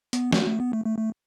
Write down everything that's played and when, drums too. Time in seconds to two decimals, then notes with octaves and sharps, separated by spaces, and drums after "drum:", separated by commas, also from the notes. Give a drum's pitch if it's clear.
0.13 B3, drum: hi-hat
0.32 A3, drum: snare
0.47 A3
0.60 B3
0.73 A3
0.86 A3
0.99 A3